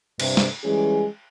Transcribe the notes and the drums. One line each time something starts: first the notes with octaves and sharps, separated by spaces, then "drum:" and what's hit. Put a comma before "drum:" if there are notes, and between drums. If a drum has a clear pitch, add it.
G2 C3, drum: cymbal
drum: snare
E3 G3 G#3 C#4 G#4